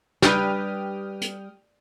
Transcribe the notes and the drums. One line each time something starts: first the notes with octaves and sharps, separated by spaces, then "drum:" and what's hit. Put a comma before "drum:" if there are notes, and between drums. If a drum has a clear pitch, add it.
G3 D4 G4 B4 G5 D#6 F6, drum: snare
drum: hi-hat